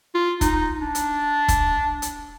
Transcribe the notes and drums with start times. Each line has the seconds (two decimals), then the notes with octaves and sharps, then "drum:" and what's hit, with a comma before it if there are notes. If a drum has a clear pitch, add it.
0.15 F4
0.41 D#4, drum: kick, hi-hat
0.81 D4
0.95 drum: hi-hat
1.48 drum: kick, hi-hat
2.02 drum: hi-hat